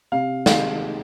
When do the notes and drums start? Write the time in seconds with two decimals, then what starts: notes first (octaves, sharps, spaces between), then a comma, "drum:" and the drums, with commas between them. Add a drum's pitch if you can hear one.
0.12 C3 F5
0.46 D#3 G#3 F5, drum: snare